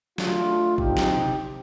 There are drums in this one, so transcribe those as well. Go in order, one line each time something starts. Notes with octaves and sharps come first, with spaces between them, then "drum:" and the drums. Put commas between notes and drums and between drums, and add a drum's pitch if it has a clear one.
A3 D4 F4, drum: snare
C4 D#4 G4, drum: kick
drum: snare
drum: tom B2